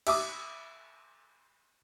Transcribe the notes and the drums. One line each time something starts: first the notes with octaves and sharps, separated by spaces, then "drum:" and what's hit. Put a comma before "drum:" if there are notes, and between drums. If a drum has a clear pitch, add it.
E5 D6 D#6, drum: cymbal